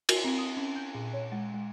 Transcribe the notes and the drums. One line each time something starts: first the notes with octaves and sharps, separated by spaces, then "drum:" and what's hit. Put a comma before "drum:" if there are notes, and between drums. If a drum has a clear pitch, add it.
F#4, drum: cymbal
C4
D#6
C#4
G6
A#2
C#5
G#3
G#3